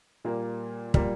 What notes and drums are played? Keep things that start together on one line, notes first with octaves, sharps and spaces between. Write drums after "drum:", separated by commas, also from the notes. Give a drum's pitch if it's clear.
A#2 G3 A#3
A#2 G3 A#3, drum: kick